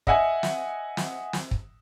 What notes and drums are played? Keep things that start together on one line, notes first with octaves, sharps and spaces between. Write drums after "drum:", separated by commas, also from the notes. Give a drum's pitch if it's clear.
D#5 E5 F#5 G#5, drum: kick
drum: snare
drum: snare
drum: snare
drum: kick